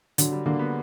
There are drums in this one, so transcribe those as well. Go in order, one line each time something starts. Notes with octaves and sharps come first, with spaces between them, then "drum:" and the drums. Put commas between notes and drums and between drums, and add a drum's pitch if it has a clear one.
D3 F#3, drum: hi-hat
G3
D3 A#3
B3